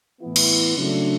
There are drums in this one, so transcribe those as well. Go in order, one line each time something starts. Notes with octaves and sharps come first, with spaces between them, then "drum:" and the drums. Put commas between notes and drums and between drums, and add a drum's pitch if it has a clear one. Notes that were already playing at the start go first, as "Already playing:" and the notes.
A2 E3 B3 E4
drum: cymbal
C#3 F#3 A3 D4